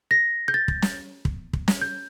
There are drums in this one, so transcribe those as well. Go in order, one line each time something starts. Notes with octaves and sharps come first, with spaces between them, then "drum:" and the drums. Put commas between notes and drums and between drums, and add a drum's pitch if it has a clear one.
A#6
G6
A6
drum: kick
drum: snare
drum: kick
drum: kick
drum: snare
G6